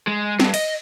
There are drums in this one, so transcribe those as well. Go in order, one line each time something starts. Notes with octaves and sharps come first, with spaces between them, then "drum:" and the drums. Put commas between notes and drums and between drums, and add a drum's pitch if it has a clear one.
G#3
G2, drum: snare
D#5, drum: cymbal